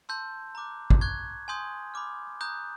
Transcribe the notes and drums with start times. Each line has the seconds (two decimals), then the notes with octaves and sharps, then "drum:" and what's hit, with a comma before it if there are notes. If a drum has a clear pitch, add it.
0.09 A5 C6 E6 G6
0.55 A#5 D6 F#6
0.90 drum: kick
1.01 C#6 F#6 G#6
1.48 G#5 C6 D#6 G6
1.94 B5 D6 F6
2.41 A#5 D#6 F#6 G6